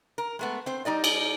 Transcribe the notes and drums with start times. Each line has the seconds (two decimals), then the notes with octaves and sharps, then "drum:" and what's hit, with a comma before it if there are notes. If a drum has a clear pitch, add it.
0.18 A#4
0.39 G#3 A3 B3
0.66 C4 C5
0.85 G3 D#4 D5 D#5
1.04 drum: cymbal